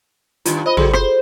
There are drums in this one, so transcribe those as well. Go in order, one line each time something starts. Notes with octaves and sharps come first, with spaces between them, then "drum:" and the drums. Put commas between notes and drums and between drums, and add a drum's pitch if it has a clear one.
G2 D#3 F4, drum: hi-hat
C5 D#5 B5
F#3 F#4 G#4 A4, drum: tom
C5, drum: rim click